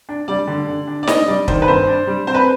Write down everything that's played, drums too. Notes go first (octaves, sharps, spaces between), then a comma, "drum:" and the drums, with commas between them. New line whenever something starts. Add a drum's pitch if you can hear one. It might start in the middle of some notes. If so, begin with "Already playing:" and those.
D4
G3 D5
D3
D3
D4
D5
D4 D#5, drum: snare
G3 D5
D#3 C5, drum: kick
B4
G2 C5
D4
G3
C4 C5
B4